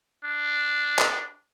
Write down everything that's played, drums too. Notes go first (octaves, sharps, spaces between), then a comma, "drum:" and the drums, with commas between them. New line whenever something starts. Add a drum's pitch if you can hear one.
D4
drum: clap